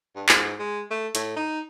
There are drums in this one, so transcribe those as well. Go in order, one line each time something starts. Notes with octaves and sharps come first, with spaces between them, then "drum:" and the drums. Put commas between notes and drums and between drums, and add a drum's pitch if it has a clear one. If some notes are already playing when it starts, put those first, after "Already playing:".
G2
G#2, drum: clap
G#3
A3
A2, drum: hi-hat
D#4